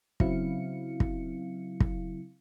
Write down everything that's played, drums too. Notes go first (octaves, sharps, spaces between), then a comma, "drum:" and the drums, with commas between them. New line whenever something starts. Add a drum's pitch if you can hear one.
C#3 F#3 C4 E4 F5 C#7, drum: kick
drum: kick
drum: kick